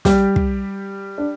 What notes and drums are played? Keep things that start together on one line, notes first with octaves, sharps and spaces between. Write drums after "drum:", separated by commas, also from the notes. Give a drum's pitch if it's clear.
G3 G4, drum: snare
drum: kick
D4